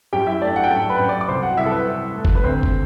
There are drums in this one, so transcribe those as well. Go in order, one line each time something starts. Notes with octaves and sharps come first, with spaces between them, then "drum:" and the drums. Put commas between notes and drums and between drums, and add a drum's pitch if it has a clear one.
F#2 G4 G5
E4 E5
A3 D4 D5
F#4 F#5
G5
F#2 A4 A5
B4 B5
F#2
D5 D6
D6
C2 C5 C6
F#4 F#5
C2 E4 E5
A4
B4
C2
A3
drum: kick
B4
D2 C4 C5
drum: kick